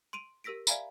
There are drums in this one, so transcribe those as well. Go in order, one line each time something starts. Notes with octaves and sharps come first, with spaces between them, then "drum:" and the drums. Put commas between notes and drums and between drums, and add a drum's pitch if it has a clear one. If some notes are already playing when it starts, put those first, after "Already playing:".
C6 D7 D#7 F7
G4 A#4 E6 A#6 B6 D7
D5 E5 F5 G#5 A#5 B5, drum: tambourine